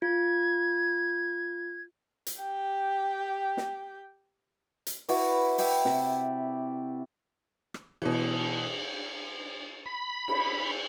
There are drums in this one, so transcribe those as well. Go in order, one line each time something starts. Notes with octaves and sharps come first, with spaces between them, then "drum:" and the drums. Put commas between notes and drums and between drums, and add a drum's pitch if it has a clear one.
F4 G#6
drum: hi-hat
G4 G5
drum: snare
drum: hi-hat
E4 F#4 B4 D5, drum: open hi-hat
D5 E5 G5, drum: open hi-hat
C3, drum: snare
drum: rim click
B2 E3, drum: cymbal
B5
drum: cymbal